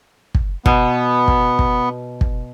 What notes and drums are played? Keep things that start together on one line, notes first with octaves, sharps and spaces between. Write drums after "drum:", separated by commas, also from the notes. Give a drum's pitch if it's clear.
drum: kick
B2 B3, drum: kick
drum: kick
drum: kick
drum: kick